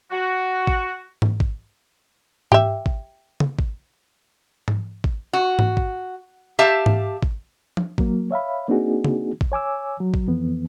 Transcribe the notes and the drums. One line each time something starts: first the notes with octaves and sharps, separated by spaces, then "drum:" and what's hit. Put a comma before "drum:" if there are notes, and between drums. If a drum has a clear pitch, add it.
F#4
drum: kick G#1
drum: tom G#2
drum: kick G#1
G4 E5, drum: tom G#2
drum: kick G#1
drum: tom C#3
drum: kick G#1
drum: tom G#2
drum: kick G#1
F#4
drum: tom G#2
drum: kick G#1
G4 E5 F5 A5
drum: tom G#2
drum: kick G#1
drum: tom
F#3 A#3, drum: kick G#1
C#5 E5 F5 B5
A#3 C4 D4 D#4 F#4 G#4
drum: tom C#3
drum: kick G#1
C#5 G#5 D6 E6
F#3
drum: kick G#1
F2 E3 B3